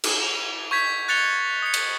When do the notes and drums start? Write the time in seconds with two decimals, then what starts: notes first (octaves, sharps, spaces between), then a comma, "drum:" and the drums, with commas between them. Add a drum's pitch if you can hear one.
0.03 drum: cymbal
0.23 F7
0.71 C#6 G6 G#6 B6
1.08 F#6 A6 C#7 F7 G7
1.62 D#6 C#7
1.74 drum: cymbal